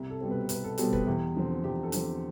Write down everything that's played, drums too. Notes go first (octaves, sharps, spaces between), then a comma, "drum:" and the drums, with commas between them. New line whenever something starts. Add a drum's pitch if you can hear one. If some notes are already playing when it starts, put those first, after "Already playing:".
Already playing: C2
A4
B2 G3 C4
B4
C2 B4, drum: hi-hat
A4
B2 G3 C4 A4, drum: hi-hat
B4, drum: kick
E2 G4
D3 F3 C4
E2 G4
A4
D3 F3 C4, drum: hi-hat